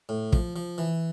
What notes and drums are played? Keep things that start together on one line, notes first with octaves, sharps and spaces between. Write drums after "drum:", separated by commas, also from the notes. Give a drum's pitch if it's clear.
A2
F3, drum: kick
F3
E3